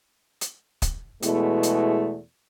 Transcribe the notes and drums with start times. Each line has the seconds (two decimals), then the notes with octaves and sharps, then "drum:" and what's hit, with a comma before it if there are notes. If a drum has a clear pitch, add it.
0.41 drum: hi-hat
0.82 drum: kick, hi-hat
1.23 E2 B2 G#3 A3 E4, drum: hi-hat
1.63 drum: hi-hat